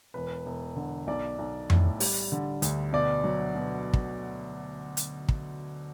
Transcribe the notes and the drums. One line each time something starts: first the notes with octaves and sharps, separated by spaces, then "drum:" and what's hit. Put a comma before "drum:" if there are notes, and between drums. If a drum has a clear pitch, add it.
E1 B4
E1
D3
B1 D5
B1
A2, drum: tom F2
G3, drum: open hi-hat
D3
D2, drum: hi-hat
B2 D5
F#3
B2
drum: kick
drum: hi-hat
drum: kick